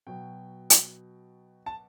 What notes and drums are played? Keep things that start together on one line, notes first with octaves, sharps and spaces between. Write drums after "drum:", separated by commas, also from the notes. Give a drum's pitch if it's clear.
B2 F#3 G5
drum: hi-hat
A5